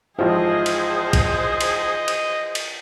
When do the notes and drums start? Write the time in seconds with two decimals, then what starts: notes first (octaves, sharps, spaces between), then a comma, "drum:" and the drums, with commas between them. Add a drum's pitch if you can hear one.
0.19 G#1 F3 E4 F4 G#4 C5 D#5
0.66 drum: cymbal
1.13 drum: kick, cymbal
1.61 drum: cymbal
2.08 drum: cymbal
2.55 drum: cymbal